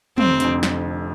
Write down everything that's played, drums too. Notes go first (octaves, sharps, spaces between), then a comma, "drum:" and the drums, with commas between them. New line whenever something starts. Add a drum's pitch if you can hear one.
F1 C4, drum: tom
F2 D3, drum: hi-hat
drum: snare